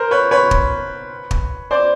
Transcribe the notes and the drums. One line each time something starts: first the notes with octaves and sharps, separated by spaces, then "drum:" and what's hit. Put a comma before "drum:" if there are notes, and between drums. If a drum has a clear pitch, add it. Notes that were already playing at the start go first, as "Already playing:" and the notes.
Already playing: A#4 C5
B4 C#5
B4 C#5
drum: kick
drum: kick
C5 D5